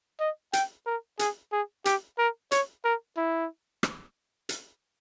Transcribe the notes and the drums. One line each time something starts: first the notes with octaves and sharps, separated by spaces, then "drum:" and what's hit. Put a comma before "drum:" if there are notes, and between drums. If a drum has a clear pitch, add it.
D#5
G5, drum: hi-hat
A#4
G#4, drum: hi-hat
G#4
G4, drum: hi-hat
A#4
C#5, drum: hi-hat
A#4
E4
drum: rim click
drum: hi-hat